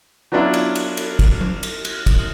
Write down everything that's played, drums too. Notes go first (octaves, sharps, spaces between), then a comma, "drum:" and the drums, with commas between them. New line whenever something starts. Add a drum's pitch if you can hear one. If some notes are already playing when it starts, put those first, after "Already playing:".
F#3 B3 C#4 D4 E4 F4
drum: cymbal
drum: cymbal
drum: cymbal
drum: kick, cymbal
drum: tom F#3
drum: cymbal
drum: cymbal
drum: kick, cymbal